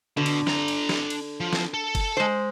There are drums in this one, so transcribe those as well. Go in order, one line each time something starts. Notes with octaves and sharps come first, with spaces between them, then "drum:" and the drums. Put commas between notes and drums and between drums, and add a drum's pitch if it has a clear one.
B2 D3
drum: cymbal
D4 A#5, drum: snare
drum: cymbal
drum: snare
drum: cymbal
F3
drum: snare
A4
drum: kick F#1, cymbal
G#3 C5